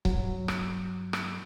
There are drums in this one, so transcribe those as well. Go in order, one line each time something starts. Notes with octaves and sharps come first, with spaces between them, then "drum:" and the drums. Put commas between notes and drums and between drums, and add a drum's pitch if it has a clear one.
G2 F#3, drum: kick C#1
drum: rim click
drum: rim click